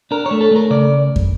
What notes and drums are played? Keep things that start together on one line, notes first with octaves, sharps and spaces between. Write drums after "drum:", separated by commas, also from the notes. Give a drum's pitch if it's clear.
D4 A#4
A3 C#5
A4
A3 A#4
C#3 D5
drum: kick